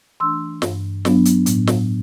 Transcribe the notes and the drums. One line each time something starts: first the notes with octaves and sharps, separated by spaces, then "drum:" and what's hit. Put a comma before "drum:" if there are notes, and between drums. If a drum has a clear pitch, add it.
E3 A3 D4 C6 E6
G2, drum: snare
F#3 B3 D4, drum: snare
drum: hi-hat
A2, drum: hi-hat
drum: snare